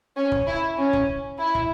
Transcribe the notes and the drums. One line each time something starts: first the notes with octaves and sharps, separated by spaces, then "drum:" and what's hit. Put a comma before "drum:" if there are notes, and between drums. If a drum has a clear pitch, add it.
C#4
drum: kick
E4
C#4
drum: kick
E4
drum: kick